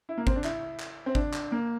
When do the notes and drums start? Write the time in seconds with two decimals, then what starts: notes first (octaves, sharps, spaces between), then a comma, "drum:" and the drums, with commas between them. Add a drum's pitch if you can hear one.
0.09 E4
0.18 A#3
0.27 C4, drum: kick G#1
0.36 D4
0.44 E4, drum: clap
0.80 drum: clap
1.06 C4
1.15 D4, drum: kick G#1
1.34 drum: clap
1.52 A#3